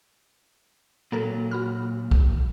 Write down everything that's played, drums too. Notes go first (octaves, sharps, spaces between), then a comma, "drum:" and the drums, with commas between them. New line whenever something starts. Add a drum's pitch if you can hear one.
A#2 F#3 A#3 A4 A#4
F#4 B5 F6
drum: kick B1